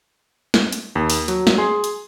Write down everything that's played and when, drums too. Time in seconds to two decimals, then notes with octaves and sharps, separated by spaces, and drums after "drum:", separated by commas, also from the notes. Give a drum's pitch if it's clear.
0.54 drum: snare
0.72 drum: hi-hat
0.95 D#2
1.10 drum: open hi-hat
1.28 F#3, drum: hi-hat
1.47 drum: snare
1.58 G#4 C6
1.84 drum: hi-hat